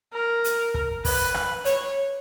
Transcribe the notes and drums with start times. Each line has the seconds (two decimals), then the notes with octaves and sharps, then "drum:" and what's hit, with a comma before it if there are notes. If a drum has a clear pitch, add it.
0.14 A#4
0.44 drum: hi-hat
0.74 drum: kick
1.05 B4, drum: kick, open hi-hat
1.34 drum: rim click
1.65 C#5, drum: hi-hat